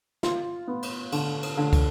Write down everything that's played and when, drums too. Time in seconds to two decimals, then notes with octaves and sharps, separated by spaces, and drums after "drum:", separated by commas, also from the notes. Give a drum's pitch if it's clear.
0.23 F4, drum: snare
0.67 B3
0.83 drum: cymbal
1.12 D3, drum: cymbal
1.43 drum: cymbal
1.57 D3
1.73 drum: kick, cymbal